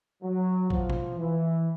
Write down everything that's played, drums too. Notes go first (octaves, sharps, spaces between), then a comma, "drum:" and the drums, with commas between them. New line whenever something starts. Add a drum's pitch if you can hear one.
F#3
F3, drum: kick
drum: tom B2
E3